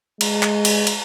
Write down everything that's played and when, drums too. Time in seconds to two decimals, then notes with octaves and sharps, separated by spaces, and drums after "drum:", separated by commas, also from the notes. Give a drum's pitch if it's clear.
0.21 G#3, drum: cymbal
0.43 drum: clap
0.65 drum: cymbal
0.87 drum: cymbal